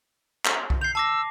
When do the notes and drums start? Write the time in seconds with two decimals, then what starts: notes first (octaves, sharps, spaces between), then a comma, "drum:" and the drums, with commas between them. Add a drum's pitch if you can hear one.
0.45 drum: clap
0.70 drum: kick C2
0.81 G6 C7 F7
0.95 A5 D6 E6 A#6